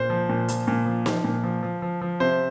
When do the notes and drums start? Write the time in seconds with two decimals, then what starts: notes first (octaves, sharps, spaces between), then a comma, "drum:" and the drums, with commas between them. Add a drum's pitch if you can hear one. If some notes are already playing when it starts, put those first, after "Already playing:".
Already playing: A#2 C5
0.10 F3
0.29 A#2
0.48 F3, drum: hi-hat
0.67 A#2
0.86 F3
1.06 F3, drum: snare
1.24 A#2
1.44 F3
1.63 F3
1.82 F3
2.01 F3
2.20 C3 C5